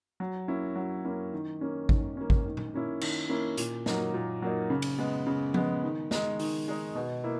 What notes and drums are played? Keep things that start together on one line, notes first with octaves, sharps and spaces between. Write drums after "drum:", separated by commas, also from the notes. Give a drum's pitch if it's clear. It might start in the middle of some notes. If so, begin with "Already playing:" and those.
F#3
A#3 C#4 E4
F#3
A#3 C#4 E4
D#3
A#3 C#4
D#3, drum: kick G#1
A#3 C#4
drum: kick G#1
D#3
drum: tom A#2
A#3 C#4 E4
D#3, drum: cymbal
A#3 C#4 E4
A#2, drum: hi-hat
F#3 A#3 D#4, drum: snare
A#2
F#3 A#3 D#4
C#3
drum: cymbal
G#3 B3
C#3
G#3 B3, drum: tom F3
D#3
G#3 D#4, drum: snare
D#3, drum: open hi-hat
G#3 D#4
B2
A#3 E4